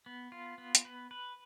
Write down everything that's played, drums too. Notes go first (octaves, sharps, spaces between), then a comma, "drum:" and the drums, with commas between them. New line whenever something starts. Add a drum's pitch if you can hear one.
B3
F4
B3
drum: hi-hat
B4
B4